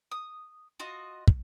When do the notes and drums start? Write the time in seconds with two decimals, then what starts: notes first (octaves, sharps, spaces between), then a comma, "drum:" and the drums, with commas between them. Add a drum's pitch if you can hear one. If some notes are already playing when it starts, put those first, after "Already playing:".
0.11 D#6
0.80 F4 F#4 D#5
1.28 drum: kick